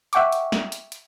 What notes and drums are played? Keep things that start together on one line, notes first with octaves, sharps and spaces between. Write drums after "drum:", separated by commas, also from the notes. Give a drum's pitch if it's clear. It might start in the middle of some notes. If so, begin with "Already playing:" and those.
E5 F#5 G5 C#6 D6, drum: hi-hat
drum: hi-hat
drum: snare
drum: hi-hat
drum: hi-hat